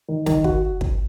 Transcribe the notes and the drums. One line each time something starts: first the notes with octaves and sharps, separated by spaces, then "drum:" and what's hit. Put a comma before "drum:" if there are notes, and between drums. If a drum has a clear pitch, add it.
D#3
D#3, drum: snare
F#4, drum: kick
drum: kick